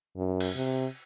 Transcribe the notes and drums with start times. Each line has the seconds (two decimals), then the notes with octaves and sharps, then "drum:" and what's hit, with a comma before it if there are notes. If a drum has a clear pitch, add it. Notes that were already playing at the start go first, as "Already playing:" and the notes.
0.16 F#2
0.40 drum: cymbal
0.55 C3